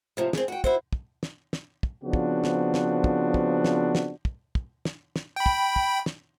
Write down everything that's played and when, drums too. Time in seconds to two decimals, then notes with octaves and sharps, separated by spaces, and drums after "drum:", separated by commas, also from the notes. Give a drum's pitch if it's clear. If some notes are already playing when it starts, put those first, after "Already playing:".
0.17 A2 C3 F3
0.33 C4 G#4, drum: snare
0.48 F#4 G5
0.64 E4 F#4 C5, drum: kick
0.93 drum: kick
1.23 drum: snare
1.53 drum: snare
1.83 drum: kick
2.04 C#3 F3 B3 C4 D4 F#4
2.13 drum: kick
2.44 drum: snare
2.74 drum: snare
3.04 drum: kick
3.34 drum: kick
3.65 drum: snare
3.95 drum: snare
4.25 drum: kick
4.55 drum: kick
4.85 drum: snare
5.16 drum: snare
5.36 G5 B5
5.46 drum: kick
5.76 drum: kick
6.06 drum: snare